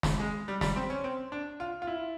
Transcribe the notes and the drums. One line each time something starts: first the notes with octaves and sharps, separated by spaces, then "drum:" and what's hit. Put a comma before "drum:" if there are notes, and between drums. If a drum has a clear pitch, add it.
drum: snare
G#3
G3
G3, drum: snare
C4
C#4
C4
D4
F4
F4
E4